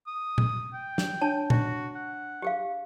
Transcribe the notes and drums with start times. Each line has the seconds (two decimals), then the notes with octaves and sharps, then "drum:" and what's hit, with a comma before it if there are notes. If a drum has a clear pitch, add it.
0.07 D#6
0.38 drum: tom A#2
0.74 G5
0.98 drum: snare
1.21 D4 C#5 A5
1.50 F#4, drum: tom A#2
1.95 F#5
2.42 G4 G#4 F5